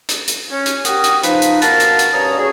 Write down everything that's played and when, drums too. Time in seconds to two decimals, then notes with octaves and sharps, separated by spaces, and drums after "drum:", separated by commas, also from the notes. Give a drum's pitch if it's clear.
0.09 drum: hi-hat
0.28 drum: hi-hat
0.51 C#4
0.66 drum: hi-hat
0.85 F#4 G4 A#4 D#6, drum: hi-hat
1.04 drum: hi-hat
1.23 F3 D#4 B4, drum: hi-hat
1.42 drum: hi-hat
1.62 B2 F#4 A#4 F5 A5, drum: hi-hat
1.80 drum: hi-hat
1.99 drum: hi-hat
2.14 G2 C#4 C#5 A#5 D#6
2.37 D3 C#4 F#4 G#4